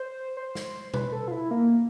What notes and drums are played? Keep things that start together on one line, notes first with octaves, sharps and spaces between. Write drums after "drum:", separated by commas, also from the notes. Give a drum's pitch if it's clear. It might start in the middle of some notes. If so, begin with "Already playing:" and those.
Already playing: C5
C5
drum: snare
B4, drum: tom B2
A4
F4
E4
A#3